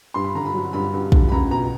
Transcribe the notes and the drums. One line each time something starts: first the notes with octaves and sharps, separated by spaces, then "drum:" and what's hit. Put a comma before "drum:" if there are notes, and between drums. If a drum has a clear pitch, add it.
G2 C6
B5
D3 A#5
B5
F#3
G2 B5
G2
D3, drum: kick
B5
C#2 A#5
B2 A#5